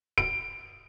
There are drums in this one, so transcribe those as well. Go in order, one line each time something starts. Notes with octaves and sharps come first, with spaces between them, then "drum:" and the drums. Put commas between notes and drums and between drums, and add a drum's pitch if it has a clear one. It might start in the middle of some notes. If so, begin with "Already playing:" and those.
D7, drum: kick C#1